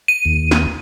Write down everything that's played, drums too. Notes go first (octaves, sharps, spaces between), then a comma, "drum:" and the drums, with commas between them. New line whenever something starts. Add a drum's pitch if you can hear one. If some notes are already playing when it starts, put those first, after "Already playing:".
D#7
D#2
drum: snare